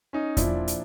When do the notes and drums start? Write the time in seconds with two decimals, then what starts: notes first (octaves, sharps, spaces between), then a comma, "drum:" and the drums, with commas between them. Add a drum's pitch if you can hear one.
0.13 C#4 D#4
0.37 A#2 F3 D4 E4, drum: kick E2, hi-hat
0.68 drum: hi-hat